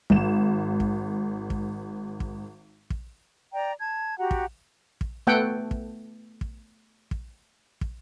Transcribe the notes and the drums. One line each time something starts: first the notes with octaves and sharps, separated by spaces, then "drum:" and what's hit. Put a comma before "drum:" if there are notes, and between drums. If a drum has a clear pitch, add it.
G#1 E7, drum: kick
drum: kick
drum: kick
drum: kick
drum: kick
D5 G5 A#5
A5 G#6
F#4 G4 F#5 A#5
drum: kick
drum: kick
A3 B3 A4 F#5 G5
drum: kick
drum: kick
drum: kick
drum: kick